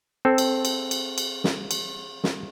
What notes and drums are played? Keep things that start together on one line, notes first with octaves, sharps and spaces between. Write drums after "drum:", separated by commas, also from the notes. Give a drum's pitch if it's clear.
C4 A4
drum: cymbal
drum: cymbal
drum: cymbal
drum: cymbal
drum: snare
drum: cymbal
drum: snare